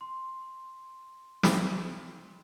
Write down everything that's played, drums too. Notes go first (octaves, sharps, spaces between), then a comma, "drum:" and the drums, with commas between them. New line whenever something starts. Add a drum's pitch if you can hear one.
C6
drum: snare